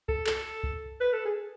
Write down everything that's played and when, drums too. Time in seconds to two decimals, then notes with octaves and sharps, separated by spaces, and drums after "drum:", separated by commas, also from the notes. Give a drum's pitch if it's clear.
0.09 A4, drum: kick
0.27 A4, drum: clap
0.63 drum: kick
1.01 B4
1.13 A4
1.25 G#4